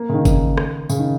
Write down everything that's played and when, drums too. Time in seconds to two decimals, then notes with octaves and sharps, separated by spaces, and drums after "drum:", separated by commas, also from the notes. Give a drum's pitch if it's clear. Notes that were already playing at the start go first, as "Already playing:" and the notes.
Already playing: A#3
0.09 C#3
0.14 D#3
0.25 D#3, drum: kick G1, tambourine
0.57 drum: rim click
0.89 C#3, drum: tambourine
0.99 D#3